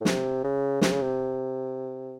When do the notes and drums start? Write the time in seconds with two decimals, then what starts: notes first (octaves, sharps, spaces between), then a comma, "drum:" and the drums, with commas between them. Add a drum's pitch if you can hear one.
0.01 A2
0.05 C3, drum: snare
0.43 C#3
0.81 C3, drum: snare
0.91 C#3
1.02 C3